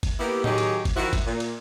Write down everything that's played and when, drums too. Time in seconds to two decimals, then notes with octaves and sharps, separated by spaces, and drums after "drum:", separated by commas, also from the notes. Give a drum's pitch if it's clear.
0.03 drum: kick G#1, cymbal
0.19 A#3 B3 E4 G4
0.44 D#3 F#3 D#4 G4 G#4, drum: tom A2
0.58 drum: cymbal
0.85 drum: kick G#1, cymbal
0.96 D#3 F3 E4 F#4
1.13 drum: kick G#1, cymbal
1.26 A#2
1.40 drum: cymbal